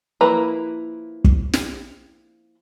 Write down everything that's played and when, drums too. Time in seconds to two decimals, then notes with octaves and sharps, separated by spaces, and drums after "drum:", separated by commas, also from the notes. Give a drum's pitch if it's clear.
0.21 F3 A#3 E4 B4 A#5
1.24 drum: kick
1.53 drum: snare